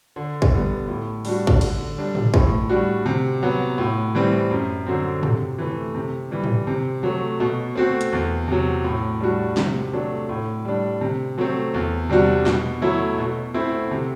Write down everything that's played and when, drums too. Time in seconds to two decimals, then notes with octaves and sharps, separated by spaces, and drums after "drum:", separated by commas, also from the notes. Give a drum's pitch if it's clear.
0.16 D3
0.42 drum: kick
0.53 G3 B3
0.88 A2
1.25 G3 D4 F#4, drum: open hi-hat
1.47 drum: kick
1.61 D3, drum: cymbal
1.98 G3 D4
2.15 drum: tom
2.34 A2, drum: kick
2.69 G3 D4 F#4
3.06 C3
3.43 F#3 B3
3.78 A2
4.15 E3 G3 C4
4.50 F#2
4.86 D3 F#3 C4
5.23 C3, drum: tom
5.58 E3 A3
5.94 C3
6.31 E3 G3
6.44 drum: tom
6.67 C3
7.03 F#3 A3
7.40 B2
7.76 A3 C4 F#4
8.01 drum: hi-hat
8.13 E2
8.48 C3 F#3
8.85 A2
9.20 G3 D4 F#4
9.57 C3, drum: snare
9.93 F#3 A3 D4
10.29 A2
10.65 G3 D4
11.01 C3
11.38 F#3 A3 C4
11.74 E2
12.09 C3 G3 D4 F#4
12.46 B2, drum: snare
12.82 F#3 A3 E4
13.18 B2
13.54 A3 C4 E4
13.91 C3